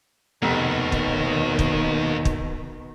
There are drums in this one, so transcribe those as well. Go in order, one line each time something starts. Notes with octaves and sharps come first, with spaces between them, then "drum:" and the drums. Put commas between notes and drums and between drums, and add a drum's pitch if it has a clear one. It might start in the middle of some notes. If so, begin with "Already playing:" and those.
F1 D#2 B2 D#3
drum: kick
drum: kick
drum: kick